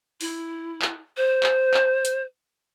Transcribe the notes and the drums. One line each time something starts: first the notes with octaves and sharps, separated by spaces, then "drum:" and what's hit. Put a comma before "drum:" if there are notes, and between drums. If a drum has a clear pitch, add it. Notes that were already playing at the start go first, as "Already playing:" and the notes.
E4, drum: open hi-hat
drum: clap
C5
drum: clap
drum: clap
drum: hi-hat